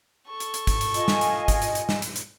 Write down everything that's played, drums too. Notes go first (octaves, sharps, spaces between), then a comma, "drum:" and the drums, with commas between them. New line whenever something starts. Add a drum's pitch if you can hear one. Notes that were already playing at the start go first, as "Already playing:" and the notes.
A4 C#6
drum: hi-hat
drum: hi-hat
drum: kick G#1, hi-hat
drum: hi-hat
F4 D#5 G#5, drum: hi-hat
drum: snare
drum: hi-hat
drum: kick G#1, hi-hat
drum: hi-hat
drum: hi-hat
drum: snare
drum: hi-hat
drum: hi-hat